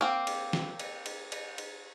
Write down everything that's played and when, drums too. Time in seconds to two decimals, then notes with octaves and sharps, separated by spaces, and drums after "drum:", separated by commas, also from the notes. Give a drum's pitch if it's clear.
0.01 A#3 C4
0.27 drum: cymbal
0.53 drum: snare
0.80 drum: cymbal
1.06 drum: cymbal
1.32 drum: cymbal
1.58 drum: cymbal